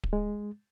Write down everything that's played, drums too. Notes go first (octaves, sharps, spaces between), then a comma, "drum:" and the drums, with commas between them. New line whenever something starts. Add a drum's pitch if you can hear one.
drum: kick D1
G#3